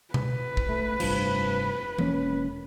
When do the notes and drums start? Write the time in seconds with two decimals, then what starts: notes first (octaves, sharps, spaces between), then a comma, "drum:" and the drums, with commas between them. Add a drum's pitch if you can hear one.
0.14 B4, drum: tom B2
0.57 drum: kick
0.69 A3
1.00 F1 G2 F3, drum: cymbal
1.99 E1 A#3 C#4, drum: tom E3